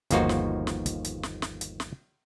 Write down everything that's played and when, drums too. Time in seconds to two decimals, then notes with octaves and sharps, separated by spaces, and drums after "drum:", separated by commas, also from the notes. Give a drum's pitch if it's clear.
0.10 G1 D#2 F3 A#3 D#4 F#4, drum: hi-hat
0.29 drum: snare
0.67 drum: snare
0.86 drum: kick, hi-hat
1.05 drum: hi-hat
1.23 drum: snare
1.42 drum: snare
1.61 drum: hi-hat
1.80 drum: snare